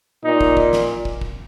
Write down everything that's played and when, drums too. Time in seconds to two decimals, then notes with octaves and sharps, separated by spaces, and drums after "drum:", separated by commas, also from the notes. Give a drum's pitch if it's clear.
0.25 A#2 D#4
0.41 drum: kick
0.57 drum: kick
0.73 drum: snare
1.05 drum: kick
1.21 drum: kick